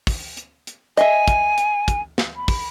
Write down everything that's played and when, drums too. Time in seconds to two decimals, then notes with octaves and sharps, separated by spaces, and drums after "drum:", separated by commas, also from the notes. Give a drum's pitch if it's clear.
0.07 drum: kick, open hi-hat
0.37 drum: hi-hat
0.67 drum: hi-hat
0.97 D#5 E5 G#5, drum: hi-hat
1.28 drum: kick, hi-hat
1.58 drum: hi-hat
1.88 drum: kick, hi-hat
2.18 drum: snare
2.36 B5
2.48 drum: kick, open hi-hat